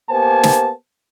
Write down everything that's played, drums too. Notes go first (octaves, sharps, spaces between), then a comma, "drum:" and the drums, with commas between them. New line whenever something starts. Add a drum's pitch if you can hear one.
A#3 B3 G4 C5 G#5 A5
drum: snare